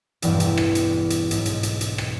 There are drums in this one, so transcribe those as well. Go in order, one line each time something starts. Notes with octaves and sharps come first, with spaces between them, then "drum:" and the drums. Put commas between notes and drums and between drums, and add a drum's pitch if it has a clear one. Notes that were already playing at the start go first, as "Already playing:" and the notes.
E1 A1 E2 G2, drum: hi-hat
drum: hi-hat
drum: rim click
drum: hi-hat
drum: hi-hat
B1 G#2, drum: hi-hat
drum: hi-hat
drum: hi-hat
drum: hi-hat
drum: rim click